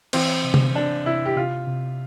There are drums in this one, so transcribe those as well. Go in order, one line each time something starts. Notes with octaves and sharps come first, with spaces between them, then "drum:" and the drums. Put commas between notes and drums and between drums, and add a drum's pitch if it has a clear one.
E3 C4, drum: cymbal
C3
drum: tom C3
E3 D4
C3 E4
G4
C3 F4
C3